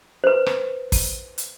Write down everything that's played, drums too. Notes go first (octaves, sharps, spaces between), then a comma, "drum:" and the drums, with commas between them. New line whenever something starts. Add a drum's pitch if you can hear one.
B4 C5
drum: rim click
drum: kick, open hi-hat
drum: hi-hat